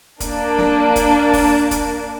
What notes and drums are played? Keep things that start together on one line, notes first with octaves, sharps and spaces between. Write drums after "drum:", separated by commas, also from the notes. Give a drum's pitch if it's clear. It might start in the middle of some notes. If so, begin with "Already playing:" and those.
A#3 D4, drum: kick, hi-hat
drum: snare
drum: kick, hi-hat
drum: kick, open hi-hat
drum: kick, hi-hat